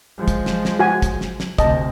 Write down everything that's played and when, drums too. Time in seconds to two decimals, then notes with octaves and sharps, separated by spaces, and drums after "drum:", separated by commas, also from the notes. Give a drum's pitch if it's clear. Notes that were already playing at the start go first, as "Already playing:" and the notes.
0.18 F3 G#3
0.28 drum: kick, hi-hat
0.46 drum: snare
0.65 drum: snare
0.79 F#4 G#5
1.02 drum: kick, hi-hat
1.21 drum: snare
1.40 drum: snare
1.59 D2 C3 D#5 A5, drum: kick, hi-hat